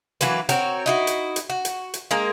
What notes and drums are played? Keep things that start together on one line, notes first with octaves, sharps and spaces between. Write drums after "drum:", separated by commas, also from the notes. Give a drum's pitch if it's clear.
E3 F#3 A#3 B4, drum: hi-hat
C4 F#4 A#4 C#5, drum: hi-hat
D#4 E4 F#4
drum: hi-hat
drum: hi-hat
F#4
drum: hi-hat
drum: hi-hat
G#3 A#3 A#4